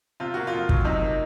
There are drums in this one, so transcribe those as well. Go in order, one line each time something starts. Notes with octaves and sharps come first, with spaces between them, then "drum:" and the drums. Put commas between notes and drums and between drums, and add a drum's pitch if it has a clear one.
C3 F4
A#3 F#4
F4
F2
F#3, drum: kick
C3 D#4
A#3